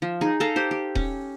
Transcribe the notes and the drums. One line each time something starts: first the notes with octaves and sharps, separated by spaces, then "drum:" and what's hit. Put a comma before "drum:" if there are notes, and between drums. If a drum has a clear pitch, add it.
F3
D#4 G#4
A4 D#5 F5 A#5
G4 C5
G4
C#4, drum: kick D#1